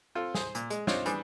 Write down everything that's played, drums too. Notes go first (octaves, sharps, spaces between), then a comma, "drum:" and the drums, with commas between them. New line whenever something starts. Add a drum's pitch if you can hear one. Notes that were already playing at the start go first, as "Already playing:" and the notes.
C4 F4 A4
G#4 C5, drum: snare
A#2, drum: hi-hat
G#3, drum: hi-hat
C4 D4 D#4 F4 C5 C#5, drum: snare
E3 G3 D4 G4 G#4, drum: hi-hat